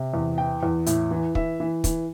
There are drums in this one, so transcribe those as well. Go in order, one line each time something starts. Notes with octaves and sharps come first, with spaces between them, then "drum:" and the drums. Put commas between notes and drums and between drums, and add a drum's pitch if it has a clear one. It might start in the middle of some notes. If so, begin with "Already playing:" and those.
Already playing: C3
E2
E3 G5
E2
A2, drum: hi-hat
E3
E3 E5, drum: kick
E3
E3, drum: kick, hi-hat